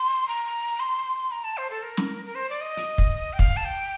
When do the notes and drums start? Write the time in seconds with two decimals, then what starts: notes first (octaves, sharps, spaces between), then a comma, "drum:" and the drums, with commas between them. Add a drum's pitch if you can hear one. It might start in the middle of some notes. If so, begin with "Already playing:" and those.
Already playing: C6
0.28 A#5
0.80 C6
1.31 A#5
1.44 A5
1.57 C5
1.70 A4
1.83 A#4
1.97 drum: snare
2.26 A#4
2.35 C5
2.49 D5
2.61 D#5
2.77 drum: hi-hat
2.98 drum: kick
3.33 G5
3.39 F5, drum: kick
3.57 A5
3.65 G5